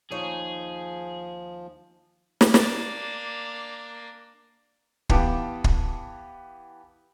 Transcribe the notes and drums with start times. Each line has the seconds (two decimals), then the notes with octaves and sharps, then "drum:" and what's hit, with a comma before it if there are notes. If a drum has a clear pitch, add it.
0.11 D#2 F3 D#4 G#4 C#5
2.41 drum: snare
2.54 A#3 D4, drum: snare
5.09 E3 B3 G4 F5 A5 D6, drum: kick
5.64 drum: kick